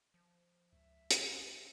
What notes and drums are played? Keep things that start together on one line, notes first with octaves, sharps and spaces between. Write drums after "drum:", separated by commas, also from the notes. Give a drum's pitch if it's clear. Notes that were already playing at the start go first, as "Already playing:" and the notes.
F3
C#2 E5
drum: hi-hat